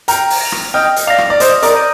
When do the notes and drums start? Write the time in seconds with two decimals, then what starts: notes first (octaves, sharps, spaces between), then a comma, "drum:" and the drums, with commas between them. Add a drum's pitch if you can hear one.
0.08 G5 A#5 F6, drum: hi-hat
0.30 drum: open hi-hat
0.41 A#6 F7
0.52 drum: rim click
0.74 D#5 G5 F6
0.96 drum: hi-hat
1.07 D5 F5 A#6 F7
1.18 drum: rim click
1.30 D5
1.40 C5 D#5 D#6, drum: hi-hat
1.63 A#4 D5, drum: hi-hat
1.73 G6 A#6 D#7